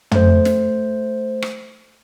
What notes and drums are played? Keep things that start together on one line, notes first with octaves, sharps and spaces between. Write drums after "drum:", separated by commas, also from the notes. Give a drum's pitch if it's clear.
A3 C5, drum: tom
drum: snare
drum: rim click